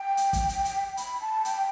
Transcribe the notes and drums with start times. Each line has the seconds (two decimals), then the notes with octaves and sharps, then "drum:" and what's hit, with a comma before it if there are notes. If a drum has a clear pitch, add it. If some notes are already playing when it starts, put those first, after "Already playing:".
Already playing: G5
0.17 drum: hi-hat
0.33 drum: kick, hi-hat
0.49 drum: hi-hat
0.65 drum: hi-hat
0.97 B5, drum: hi-hat
1.21 A5
1.45 G5, drum: hi-hat